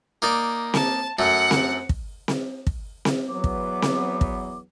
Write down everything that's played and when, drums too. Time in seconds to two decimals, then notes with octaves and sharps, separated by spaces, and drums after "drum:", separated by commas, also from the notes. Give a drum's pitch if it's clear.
0.22 A#3 D#4 D5
0.74 A5, drum: snare C4
1.19 F#2 A3 F#5
1.51 drum: snare C4
1.89 drum: kick
2.28 drum: snare C4
2.67 drum: kick
3.05 drum: snare C4
3.29 E2 F#3 B3 D6
3.44 drum: kick
3.82 drum: snare C4
4.21 drum: kick